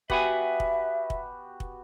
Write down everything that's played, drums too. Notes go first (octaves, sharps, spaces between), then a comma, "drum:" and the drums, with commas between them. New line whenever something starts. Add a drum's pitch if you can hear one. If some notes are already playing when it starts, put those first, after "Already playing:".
B3 F#4 G4 B4 E5 F#5 G#5, drum: kick
drum: kick
drum: kick
drum: kick